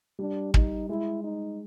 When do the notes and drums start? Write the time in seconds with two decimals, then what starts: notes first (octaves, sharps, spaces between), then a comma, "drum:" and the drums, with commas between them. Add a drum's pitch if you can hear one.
0.19 G3 D4
0.54 D#4, drum: kick
0.89 G#3 E4
1.24 D#4